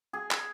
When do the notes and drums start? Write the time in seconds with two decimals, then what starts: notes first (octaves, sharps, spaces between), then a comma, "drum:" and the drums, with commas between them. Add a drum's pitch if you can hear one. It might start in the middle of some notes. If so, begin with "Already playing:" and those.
0.13 G#4
0.31 drum: clap